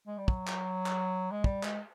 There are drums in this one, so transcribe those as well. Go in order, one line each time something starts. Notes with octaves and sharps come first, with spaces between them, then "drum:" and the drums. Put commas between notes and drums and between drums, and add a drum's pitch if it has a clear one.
G#3
G3
F#3, drum: kick
drum: clap
drum: clap
G#3
G3, drum: kick
G#3, drum: clap